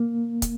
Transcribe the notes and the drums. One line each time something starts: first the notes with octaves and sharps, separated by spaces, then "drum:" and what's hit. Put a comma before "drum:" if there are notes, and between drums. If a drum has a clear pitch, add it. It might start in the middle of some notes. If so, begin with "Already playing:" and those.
Already playing: A#3
drum: kick, hi-hat